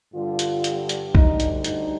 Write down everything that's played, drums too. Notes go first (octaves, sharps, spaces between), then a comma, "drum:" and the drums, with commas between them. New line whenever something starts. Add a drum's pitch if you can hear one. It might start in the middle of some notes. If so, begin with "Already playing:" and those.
G2 D3 G3 F4
drum: hi-hat
drum: hi-hat
drum: hi-hat
D2 D3 G3 D#4, drum: kick B1
drum: hi-hat
D#4, drum: hi-hat